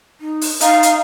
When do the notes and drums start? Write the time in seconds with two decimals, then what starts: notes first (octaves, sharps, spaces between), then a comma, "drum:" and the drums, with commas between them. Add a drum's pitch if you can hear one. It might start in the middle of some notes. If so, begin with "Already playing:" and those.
0.21 D#4
0.41 drum: open hi-hat
0.61 D#4 F5, drum: hi-hat
0.83 drum: hi-hat